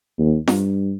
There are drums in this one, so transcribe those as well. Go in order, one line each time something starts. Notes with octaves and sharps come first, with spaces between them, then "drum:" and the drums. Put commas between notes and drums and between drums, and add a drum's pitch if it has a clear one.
D#2
G2, drum: snare